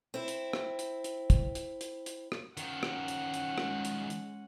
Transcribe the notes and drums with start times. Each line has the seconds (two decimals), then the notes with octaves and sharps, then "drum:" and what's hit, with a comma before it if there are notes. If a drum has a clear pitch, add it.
0.14 C4 E4
0.28 drum: hi-hat
0.53 drum: rim click
0.79 drum: hi-hat
1.04 drum: hi-hat
1.30 drum: kick, hi-hat
1.55 drum: hi-hat
1.81 drum: hi-hat
2.06 drum: hi-hat
2.32 drum: rim click
2.57 D#3 F3 C#4 F#5, drum: hi-hat
2.83 drum: rim click
3.08 drum: hi-hat
3.34 drum: hi-hat
3.58 G#3, drum: rim click
3.85 drum: hi-hat
4.10 drum: hi-hat